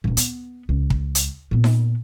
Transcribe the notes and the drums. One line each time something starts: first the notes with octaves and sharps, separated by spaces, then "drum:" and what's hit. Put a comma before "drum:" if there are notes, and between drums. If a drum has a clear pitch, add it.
D#1 G2
B3, drum: hi-hat
C#2
drum: kick
drum: hi-hat
A#2 B3
drum: snare D#4